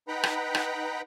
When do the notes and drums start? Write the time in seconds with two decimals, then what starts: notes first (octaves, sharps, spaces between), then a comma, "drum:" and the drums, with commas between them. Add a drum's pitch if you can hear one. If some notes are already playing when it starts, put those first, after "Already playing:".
0.08 D#4 B4 F#5 G5 A#5 B5
0.23 drum: rim click
0.55 drum: rim click